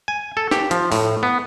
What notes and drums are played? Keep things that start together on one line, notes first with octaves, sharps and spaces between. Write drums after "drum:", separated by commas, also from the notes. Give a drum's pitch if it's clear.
G#5
A4
G4, drum: snare
F3, drum: hi-hat
A2, drum: open hi-hat
B3